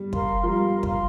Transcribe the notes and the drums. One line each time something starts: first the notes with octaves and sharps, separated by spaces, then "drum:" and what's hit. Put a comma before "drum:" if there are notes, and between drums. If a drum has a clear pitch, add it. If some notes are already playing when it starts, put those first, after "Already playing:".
Already playing: G3
A#4 F5 C6, drum: kick
F3
G3 A#4 F5 C6
A#4 F5 C6, drum: kick